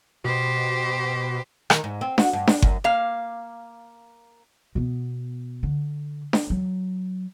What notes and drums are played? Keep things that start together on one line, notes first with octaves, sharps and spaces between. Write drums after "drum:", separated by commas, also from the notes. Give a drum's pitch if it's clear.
B2 G4 C5
D#3, drum: rim click
G#2
C4
F#4, drum: snare D4
G2
D4, drum: snare D4
F#2, drum: kick G1
A#3 F5
B2 B3
D3
drum: snare D4
F#3